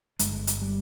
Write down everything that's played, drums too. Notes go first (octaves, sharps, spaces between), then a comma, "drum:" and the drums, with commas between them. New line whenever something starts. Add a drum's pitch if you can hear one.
G1 G2 D3 G#3, drum: hi-hat
drum: hi-hat
G3